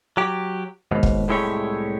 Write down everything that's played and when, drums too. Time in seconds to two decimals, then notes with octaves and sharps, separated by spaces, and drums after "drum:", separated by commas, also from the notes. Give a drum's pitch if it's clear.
0.17 F#3 G4
0.91 D#2 G#2 B2
1.03 drum: kick
1.28 C2 A2 G#3 E4 G4 C#5